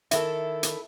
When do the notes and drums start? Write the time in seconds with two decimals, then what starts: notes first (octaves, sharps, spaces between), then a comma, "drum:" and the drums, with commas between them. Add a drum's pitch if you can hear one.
0.11 D#3 E4 F#4 A4 E5, drum: hi-hat
0.63 drum: hi-hat